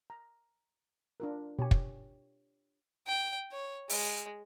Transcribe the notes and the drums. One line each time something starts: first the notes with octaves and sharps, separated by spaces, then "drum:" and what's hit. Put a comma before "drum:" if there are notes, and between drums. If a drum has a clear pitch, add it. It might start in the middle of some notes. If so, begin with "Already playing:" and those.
A#5
D4 F4 A#4
B2 G4 C#5 G#5
drum: kick
G5
C#5
G#3, drum: open hi-hat